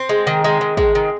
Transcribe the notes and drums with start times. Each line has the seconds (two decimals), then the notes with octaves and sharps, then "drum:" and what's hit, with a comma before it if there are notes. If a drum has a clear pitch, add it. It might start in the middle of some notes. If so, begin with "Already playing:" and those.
Already playing: C4
0.09 G#3
0.27 D#3
0.44 G#3
0.61 D#3
0.77 G#3, drum: kick
0.95 D#3